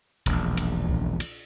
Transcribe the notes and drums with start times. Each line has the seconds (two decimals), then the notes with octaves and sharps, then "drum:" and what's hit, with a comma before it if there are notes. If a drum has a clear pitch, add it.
0.26 E1 A#1, drum: kick C2, cymbal
0.57 drum: cymbal
0.89 drum: kick C2
1.20 drum: cymbal